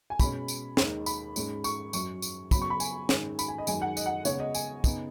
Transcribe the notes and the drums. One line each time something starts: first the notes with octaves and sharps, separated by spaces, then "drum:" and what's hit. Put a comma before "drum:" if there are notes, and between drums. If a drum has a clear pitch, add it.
G#5
B2 G#3 C#4 B5, drum: kick, tambourine
drum: tambourine
D#2 D#3 G#3 D#4, drum: snare
B5, drum: tambourine
G#2 G#3 C#4, drum: tambourine
C#6, drum: tambourine
F#2 F#3 C#4 C#6, drum: tambourine
drum: tambourine
C#3 F#3 B3 B5, drum: kick, tambourine
C#6
B5
G#5, drum: tambourine
G#2 D#3 G#3 C#4, drum: snare
B5, drum: tambourine
G#5
D#5
F#2 D#3 G#3 G#5, drum: tambourine
F#5
D#5, drum: tambourine
F#5
C#3 G#3 B3 C#5, drum: tambourine
D#5
G#5, drum: tambourine
C#3 B3 D#4, drum: kick, tambourine